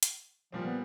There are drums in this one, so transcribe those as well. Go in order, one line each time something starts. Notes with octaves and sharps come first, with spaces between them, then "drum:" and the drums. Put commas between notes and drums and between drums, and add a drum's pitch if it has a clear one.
drum: hi-hat
A#2 F3 G3 C4
B3